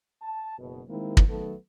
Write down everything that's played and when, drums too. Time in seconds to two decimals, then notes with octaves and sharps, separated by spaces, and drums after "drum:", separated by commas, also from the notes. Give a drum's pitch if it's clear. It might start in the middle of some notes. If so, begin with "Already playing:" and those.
0.22 A5
0.58 F#1 B2
0.89 D#3 G#3 A#3 C4 E4
1.17 drum: kick
1.29 D#3 F#3 A3 B3 A4